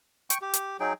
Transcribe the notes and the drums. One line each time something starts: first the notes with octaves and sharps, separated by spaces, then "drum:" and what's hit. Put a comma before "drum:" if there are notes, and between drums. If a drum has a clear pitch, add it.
G5 C#6, drum: hi-hat
G4
drum: hi-hat
F#3 D#4 G#4 G5